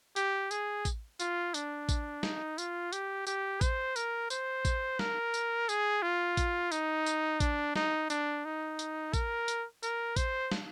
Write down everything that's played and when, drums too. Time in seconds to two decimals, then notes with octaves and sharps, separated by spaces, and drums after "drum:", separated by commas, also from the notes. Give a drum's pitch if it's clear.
0.16 G4, drum: tambourine
0.51 G#4, drum: tambourine
0.85 drum: kick A1, tambourine
1.20 F4, drum: tambourine
1.54 D4, drum: tambourine
1.89 drum: kick A1, tambourine
2.23 D#4, drum: snare
2.58 F4, drum: tambourine
2.92 G4, drum: tambourine
3.27 G4, drum: tambourine
3.61 C5, drum: kick A1, tambourine
3.96 A#4, drum: tambourine
4.30 C5, drum: tambourine
4.65 drum: kick A1, tambourine
4.99 A#4, drum: snare
5.34 drum: tambourine
5.69 G#4, drum: tambourine
6.02 F4
6.37 drum: kick A1, tambourine
6.72 D#4, drum: tambourine
7.06 drum: tambourine
7.40 D4, drum: kick A1, tambourine
7.76 D#4, drum: snare
8.10 D4, drum: tambourine
8.45 D#4
8.79 drum: tambourine
9.13 A#4, drum: kick A1, tambourine
9.48 drum: tambourine
9.83 A#4, drum: tambourine
10.16 C5, drum: kick A1, tambourine
10.52 drum: snare